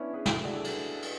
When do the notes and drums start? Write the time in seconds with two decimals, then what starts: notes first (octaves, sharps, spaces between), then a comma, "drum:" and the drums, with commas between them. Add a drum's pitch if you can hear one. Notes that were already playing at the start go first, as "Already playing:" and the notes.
Already playing: B3 C#4 D4 E4
0.13 G#4 B4
0.26 F#4 A4, drum: snare
0.35 E4 G#4
0.45 D4 F#4
0.55 F#4 A4
0.64 drum: cymbal
1.02 drum: cymbal